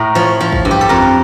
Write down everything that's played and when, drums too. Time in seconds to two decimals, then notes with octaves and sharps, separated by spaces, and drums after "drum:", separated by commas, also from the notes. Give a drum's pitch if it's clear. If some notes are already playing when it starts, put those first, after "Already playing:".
Already playing: A2 A#4
0.15 F3 C#5
0.40 F3
0.53 drum: kick G#1
0.65 G2
0.71 G4
0.81 A4
0.89 F2 A#4